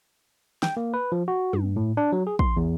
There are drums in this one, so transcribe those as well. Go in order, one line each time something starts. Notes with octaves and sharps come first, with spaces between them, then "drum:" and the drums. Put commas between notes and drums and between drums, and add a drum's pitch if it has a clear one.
G5, drum: snare
A#3
B4
F3
F#4
G2, drum: tom
A2
D4
F#3
G#4
C6, drum: kick
E2